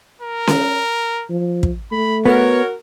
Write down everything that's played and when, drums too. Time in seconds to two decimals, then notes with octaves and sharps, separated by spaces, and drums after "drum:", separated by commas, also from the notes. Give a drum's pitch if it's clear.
0.22 A#4
0.47 drum: snare C#4
1.30 F3
1.63 drum: kick
1.92 A3 B5
2.26 B3 F#4 A#4 C#5